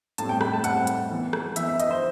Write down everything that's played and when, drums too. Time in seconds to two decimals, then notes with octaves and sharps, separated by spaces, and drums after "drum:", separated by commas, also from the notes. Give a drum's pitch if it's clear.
0.18 A2 G3 C4 A5, drum: hi-hat
0.29 G5
0.41 B5, drum: rim click
0.53 A5
0.64 A2 G3 C4 F#5, drum: hi-hat
0.87 drum: hi-hat
1.11 E3 B3
1.33 drum: rim click
1.56 E3 B3 E5, drum: hi-hat
1.68 E5
1.80 D#5, drum: hi-hat
1.90 C5